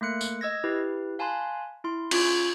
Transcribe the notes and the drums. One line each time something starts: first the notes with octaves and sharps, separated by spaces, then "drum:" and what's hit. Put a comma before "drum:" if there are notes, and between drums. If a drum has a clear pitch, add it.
A3 A#3 F#6 C#7
drum: tambourine
D#5 E6 G#6 A#6
E4 G4 B4
F5 G#5 A5 B5 C6 F#6
E4 C6
C#4 F4 C#6 G#6 D7, drum: cymbal